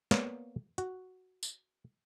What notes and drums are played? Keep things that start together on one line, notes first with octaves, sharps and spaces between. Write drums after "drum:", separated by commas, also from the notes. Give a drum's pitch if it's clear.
A#3 B3 C#5 D5 F5, drum: snare
F#4, drum: hi-hat
drum: tambourine